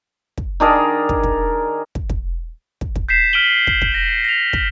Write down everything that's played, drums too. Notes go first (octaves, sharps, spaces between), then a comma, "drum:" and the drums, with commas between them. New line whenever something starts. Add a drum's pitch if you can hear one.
drum: kick
D#3 D4 G#4 A#4
drum: kick
drum: kick
drum: kick
drum: kick
drum: kick
drum: kick
G6 B6 C7 E7
F6 B6 D7 D#7 F#7 G7
drum: kick
drum: kick
A#6 F#7
A#6 F7
drum: kick